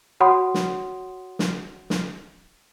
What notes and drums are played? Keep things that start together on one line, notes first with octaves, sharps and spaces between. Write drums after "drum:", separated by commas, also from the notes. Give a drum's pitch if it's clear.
F#4 C#5 F#5 B5 C6 D#6
drum: snare
drum: snare
drum: snare